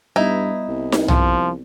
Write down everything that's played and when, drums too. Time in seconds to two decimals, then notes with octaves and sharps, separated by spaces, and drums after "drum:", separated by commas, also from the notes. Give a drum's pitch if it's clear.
0.16 G2 G3 B3 D#4 E4
0.68 C2
0.92 drum: snare D#4
1.08 F3, drum: tom B1